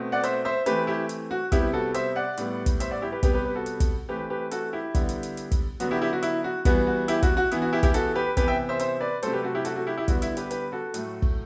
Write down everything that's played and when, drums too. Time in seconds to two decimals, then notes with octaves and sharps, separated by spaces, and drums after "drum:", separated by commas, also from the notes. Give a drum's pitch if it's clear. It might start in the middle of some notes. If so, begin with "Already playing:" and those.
Already playing: B2 A3 C4
0.12 D5 F#5
0.23 C5 E5, drum: hi-hat
0.45 C5 E5
0.66 E3 A3 C4 G4 B4, drum: hi-hat
0.87 E4 G4
1.09 drum: hi-hat
1.31 F#4
1.52 C3 G3 B3 E4 G4, drum: kick, hi-hat
1.73 F#4 A4
1.94 C5 E5, drum: hi-hat
2.16 D5 F#5
2.37 A2 G3 B3, drum: hi-hat
2.66 drum: kick, hi-hat
2.80 C5 E5, drum: hi-hat
2.91 D5 F#5
3.02 E4 G4
3.12 G4 B4
3.23 C3 G3 B3 G4 B4, drum: kick, hi-hat
3.33 G4 B4
3.45 G4 B4
3.55 F#4 A4
3.66 drum: hi-hat
3.80 drum: kick, hi-hat
4.08 E3 A3 C4 G4 B4
4.30 G4 B4
4.51 F#4 A4, drum: hi-hat
4.73 E4 G4
4.95 D3 G3 B3, drum: kick, hi-hat
5.09 drum: hi-hat
5.23 drum: hi-hat
5.37 drum: hi-hat
5.51 drum: kick, hi-hat
5.80 D3 F#3 B3 F#4, drum: hi-hat
5.91 E4 G4
6.02 E4 G4
6.13 F#4
6.23 E4, drum: hi-hat
6.44 F#4
6.65 E3 G3 B3 F#4, drum: kick, hi-hat
6.87 F#4
7.08 E4 G4, drum: hi-hat
7.23 F#4, drum: kick, hi-hat
7.37 F#4
7.51 E3 B3 E4, drum: hi-hat
7.62 F#4
7.72 E4 G4
7.83 E4 G4, drum: kick, hi-hat
7.94 F#4 A4, drum: hi-hat
8.15 G4 B4
8.37 C3 E3 B3 G4 B4, drum: kick, hi-hat
8.48 E5 G5
8.69 C5 E5
8.79 C5 E5, drum: hi-hat
9.01 B4 D5
9.23 C3 F#3 A3 A4 C5, drum: hi-hat
9.33 G4 B4
9.43 F#4 A4
9.55 E4 G4
9.65 F#4 A4, drum: hi-hat
9.76 F#4 A4
9.87 E4 G4
9.97 E4 G4
10.08 D3 G3 B3 F#4, drum: kick, hi-hat
10.22 E4, drum: hi-hat
10.37 G4 B4, drum: hi-hat
10.51 G4 B4, drum: hi-hat
10.72 F#4 A4
10.94 A2 F#3 A3, drum: hi-hat
11.22 drum: kick